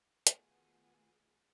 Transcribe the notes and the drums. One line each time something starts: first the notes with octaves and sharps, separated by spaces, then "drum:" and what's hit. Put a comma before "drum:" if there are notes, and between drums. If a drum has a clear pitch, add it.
D#3 A3 B3 F4 F#4 G#4, drum: hi-hat